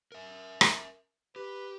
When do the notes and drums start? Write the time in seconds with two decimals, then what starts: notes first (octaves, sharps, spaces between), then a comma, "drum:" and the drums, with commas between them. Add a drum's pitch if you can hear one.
0.12 A#4 E5
0.61 drum: rim click
1.36 G4 B4